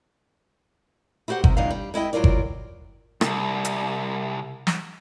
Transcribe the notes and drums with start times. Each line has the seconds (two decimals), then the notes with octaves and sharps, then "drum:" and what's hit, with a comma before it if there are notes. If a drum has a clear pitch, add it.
1.28 E4 F#4 G4 C5 F#5
1.44 C3 D#3, drum: kick G1
1.57 E2 G2 D4 D#4 F5
1.71 G3
1.94 G#3 E4 D#5 G5
2.13 G#2 F#3 F4 A#4 D5
2.24 drum: kick G1
3.21 C2 F#2, drum: rim click
3.65 drum: hi-hat
4.67 drum: snare